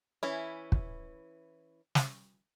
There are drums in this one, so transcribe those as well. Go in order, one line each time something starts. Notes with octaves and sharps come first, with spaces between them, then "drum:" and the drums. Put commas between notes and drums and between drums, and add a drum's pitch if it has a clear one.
E3 C#4 E4
drum: kick
drum: snare